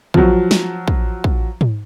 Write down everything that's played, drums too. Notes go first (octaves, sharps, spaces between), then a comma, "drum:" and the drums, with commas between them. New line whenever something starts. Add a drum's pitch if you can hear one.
F3 F#3, drum: kick
drum: snare
drum: kick
drum: kick
drum: tom G#2